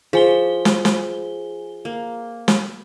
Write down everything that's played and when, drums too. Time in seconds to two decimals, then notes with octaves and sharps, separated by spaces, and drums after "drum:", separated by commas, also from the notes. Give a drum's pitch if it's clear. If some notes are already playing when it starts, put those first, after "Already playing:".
0.13 F3 G#4 G#5 G7
0.65 drum: snare
0.85 drum: snare
1.85 A#3
2.48 drum: snare